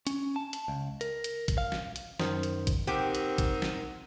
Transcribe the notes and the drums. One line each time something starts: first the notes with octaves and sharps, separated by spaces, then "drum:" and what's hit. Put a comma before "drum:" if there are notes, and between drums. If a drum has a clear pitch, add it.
C#4, drum: hi-hat
A5
drum: hi-hat
C#2
A#4, drum: hi-hat
drum: hi-hat
drum: kick, hi-hat
F5
drum: snare
drum: hi-hat
F#2 D#3 C5, drum: snare
drum: hi-hat
drum: kick, hi-hat
D#3 C4 G4 F#5
drum: hi-hat
drum: kick, hi-hat
drum: snare